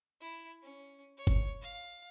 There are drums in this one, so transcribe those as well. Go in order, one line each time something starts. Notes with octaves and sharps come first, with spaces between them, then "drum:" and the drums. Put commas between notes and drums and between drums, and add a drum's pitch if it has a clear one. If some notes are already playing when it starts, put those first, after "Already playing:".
E4
C#4
C#5
drum: kick
F5